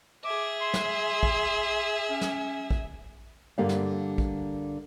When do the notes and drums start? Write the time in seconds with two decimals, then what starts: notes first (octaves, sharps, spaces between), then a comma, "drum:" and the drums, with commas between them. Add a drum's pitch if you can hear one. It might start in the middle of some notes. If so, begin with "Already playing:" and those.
0.24 G#4 E5 D6
0.61 C6
0.74 drum: snare
1.23 drum: kick
2.10 C#4
2.21 drum: snare
2.71 drum: kick
3.58 G2 D3 A#3 G4 F5 F#5
3.69 drum: snare
4.18 drum: kick